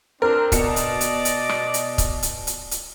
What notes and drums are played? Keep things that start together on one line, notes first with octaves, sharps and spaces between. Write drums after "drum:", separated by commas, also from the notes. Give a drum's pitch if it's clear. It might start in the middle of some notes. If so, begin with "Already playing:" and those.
C4 D4 A#4
B2 D5 D#5 C#7, drum: kick C#1, hi-hat
drum: hi-hat
drum: hi-hat
drum: hi-hat
drum: rim click
drum: hi-hat
drum: kick C#1, hi-hat
drum: hi-hat
drum: hi-hat
drum: hi-hat